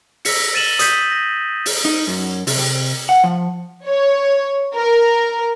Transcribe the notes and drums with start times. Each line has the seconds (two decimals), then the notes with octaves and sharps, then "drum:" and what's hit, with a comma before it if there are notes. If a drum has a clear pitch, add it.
0.25 E6 A#6 B6 C#7, drum: open hi-hat
0.54 A6 D#7 E7 F#7 G7
0.79 D#6 G6 B6 D#7, drum: hi-hat
1.11 A#6
1.66 drum: open hi-hat
1.85 D#4
2.07 F#2
2.47 C3, drum: open hi-hat
2.59 C3
3.09 F#5
3.24 F3
3.88 C#5
4.77 A#4